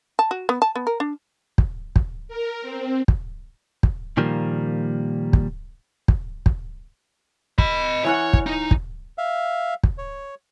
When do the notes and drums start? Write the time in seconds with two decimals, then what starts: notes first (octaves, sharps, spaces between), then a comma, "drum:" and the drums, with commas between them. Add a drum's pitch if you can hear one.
0.19 A5
0.31 F#4
0.49 B3
0.62 A5
0.75 B3
0.87 A#4
1.00 D4
1.58 drum: kick
1.96 drum: kick
2.28 A#4
2.62 C4
3.08 drum: kick
3.83 drum: kick
4.17 A#2 D#3 F3 G3 A#3
5.33 drum: kick
6.08 drum: kick
6.46 drum: kick
7.58 D#5 B5, drum: kick
8.05 E3 C#4 C#5 F#5
8.33 drum: kick
8.46 D#4
8.71 drum: kick
9.18 E5 F5
9.83 drum: kick
9.98 C#5